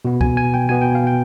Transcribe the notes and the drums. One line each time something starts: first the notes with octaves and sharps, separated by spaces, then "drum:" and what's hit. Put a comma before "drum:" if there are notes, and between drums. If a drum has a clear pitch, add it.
B2 B3
G#5, drum: kick C#2
G#5
G5
B2 B3 G#5
G5
F5
G5